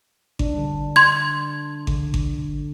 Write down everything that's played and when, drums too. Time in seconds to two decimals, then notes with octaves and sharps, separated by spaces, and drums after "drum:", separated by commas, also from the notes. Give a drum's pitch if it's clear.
0.39 D4, drum: kick G#1
0.54 D3 G3
0.96 C6 G#6
1.87 D3, drum: kick G#1
2.14 drum: kick G#1